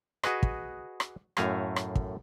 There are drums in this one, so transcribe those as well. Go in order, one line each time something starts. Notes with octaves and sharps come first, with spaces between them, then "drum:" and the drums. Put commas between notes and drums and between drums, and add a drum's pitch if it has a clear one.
F#4 G#4 B4 D#5, drum: rim click
drum: kick
drum: rim click
F#2 A2 A3 F5 G#5 A#5, drum: rim click
drum: rim click
drum: kick